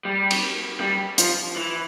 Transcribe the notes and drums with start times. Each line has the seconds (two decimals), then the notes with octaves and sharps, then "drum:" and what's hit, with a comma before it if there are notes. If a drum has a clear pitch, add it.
0.05 G3
0.31 drum: cymbal
0.81 G3
1.18 F3, drum: hi-hat
1.56 E3